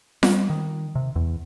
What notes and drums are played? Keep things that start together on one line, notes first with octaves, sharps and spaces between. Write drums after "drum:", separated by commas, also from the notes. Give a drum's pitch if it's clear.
G3, drum: snare F4
D#3
C3
E2